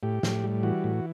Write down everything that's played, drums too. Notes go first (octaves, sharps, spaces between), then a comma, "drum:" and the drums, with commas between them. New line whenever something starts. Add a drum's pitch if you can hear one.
A2 G4
A2, drum: snare
G3
E3 F#4
A2